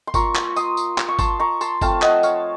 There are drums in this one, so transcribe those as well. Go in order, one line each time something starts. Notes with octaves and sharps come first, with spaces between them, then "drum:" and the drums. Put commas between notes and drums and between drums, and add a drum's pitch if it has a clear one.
C6
A#3 F4 A#5 C#6, drum: kick G1, tambourine
drum: clap
C6 D#6, drum: tambourine
drum: tambourine
drum: clap
C#6
A5 C6, drum: kick G1, tambourine
A#5 C#6
A5 C6, drum: tambourine
F3 A3 C4 F5 A5, drum: kick G1, tambourine
D#5 F#5, drum: clap
C#5 F5, drum: tambourine